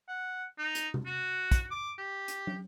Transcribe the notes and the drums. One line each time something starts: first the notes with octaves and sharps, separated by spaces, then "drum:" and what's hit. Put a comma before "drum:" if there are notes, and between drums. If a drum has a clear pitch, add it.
F#5
D#4
drum: hi-hat
drum: tom C3
F#4
drum: kick, hi-hat
D6
G4
drum: hi-hat
drum: tom